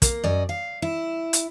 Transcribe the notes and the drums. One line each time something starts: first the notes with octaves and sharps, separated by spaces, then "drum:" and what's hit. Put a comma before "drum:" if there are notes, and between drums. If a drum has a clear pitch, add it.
A#3, drum: kick, hi-hat
F#2 D5 D#5
F5
E4
drum: hi-hat